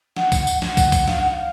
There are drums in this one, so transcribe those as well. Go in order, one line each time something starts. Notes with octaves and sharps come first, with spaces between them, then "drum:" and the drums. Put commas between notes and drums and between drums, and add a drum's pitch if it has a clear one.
F#5, drum: snare
drum: kick, tambourine
drum: tambourine
F#5, drum: snare
drum: kick, tambourine
drum: kick, tambourine
F5, drum: snare
F#5
F5